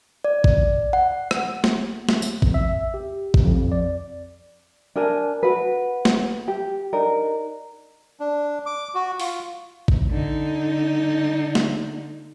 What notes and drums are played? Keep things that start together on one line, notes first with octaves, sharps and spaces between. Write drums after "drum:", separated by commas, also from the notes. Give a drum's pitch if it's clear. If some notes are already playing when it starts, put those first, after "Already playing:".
D5
drum: kick A1
F#5
drum: rim click
drum: snare
drum: snare
drum: tambourine
F2, drum: kick A1
E5
G4
drum: kick A1
F2
D5
D4 A#4 G#5 A5
F#4 B4
drum: snare
G4
D4 D#4 A#4
D4
D6
F#4
F4, drum: open hi-hat
drum: kick A1
D3 D#4
drum: snare